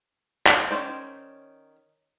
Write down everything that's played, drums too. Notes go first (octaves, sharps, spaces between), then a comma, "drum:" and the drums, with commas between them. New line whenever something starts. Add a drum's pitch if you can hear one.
drum: clap
D#3 C#4 C5 D5